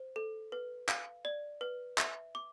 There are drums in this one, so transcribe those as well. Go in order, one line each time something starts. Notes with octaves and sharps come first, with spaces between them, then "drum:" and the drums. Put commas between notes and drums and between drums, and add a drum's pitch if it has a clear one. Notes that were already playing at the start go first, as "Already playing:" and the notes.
Already playing: C5
A4
B4
F5, drum: clap
D5
B4
E5, drum: clap
D6